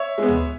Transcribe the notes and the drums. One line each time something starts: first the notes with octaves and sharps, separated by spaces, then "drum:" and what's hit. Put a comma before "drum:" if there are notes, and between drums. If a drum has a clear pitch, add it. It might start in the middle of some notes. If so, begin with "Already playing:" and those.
Already playing: C#5 E5
G#3 B3
drum: tom